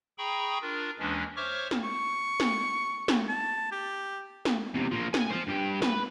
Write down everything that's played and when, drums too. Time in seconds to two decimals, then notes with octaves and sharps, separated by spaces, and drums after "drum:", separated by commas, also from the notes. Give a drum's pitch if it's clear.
0.18 G#4 G5 A#5 B5 C#6
0.62 D4 F4 A#4
0.99 D#2 E3 G#3 C#4 D4
1.36 C5 C#5 E5 C#6 D6 F6
1.71 drum: snare
1.83 C#6
2.40 drum: snare
3.08 drum: snare
3.29 A5
3.72 G4
4.45 drum: snare
4.74 E2 C3
4.92 F3 A#3
5.14 G#5, drum: snare
5.32 C5 F5
5.48 G2 G4
5.82 B4, drum: snare